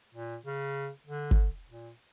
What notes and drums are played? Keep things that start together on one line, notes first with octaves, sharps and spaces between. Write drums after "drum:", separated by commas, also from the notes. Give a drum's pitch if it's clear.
A#2
C#3
D3
drum: kick G1
A#2